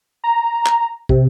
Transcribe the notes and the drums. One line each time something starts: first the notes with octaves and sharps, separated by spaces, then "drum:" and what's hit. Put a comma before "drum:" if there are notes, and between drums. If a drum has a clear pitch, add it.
A#5
drum: clap
C3, drum: kick